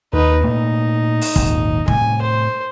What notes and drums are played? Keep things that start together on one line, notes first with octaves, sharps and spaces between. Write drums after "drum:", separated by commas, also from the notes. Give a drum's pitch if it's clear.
D#2 D#4 B4
A#2 A3 A#3 D#4
drum: open hi-hat
D#1 G#1 D#2, drum: kick
A2 C3 G3 G#5, drum: kick
C5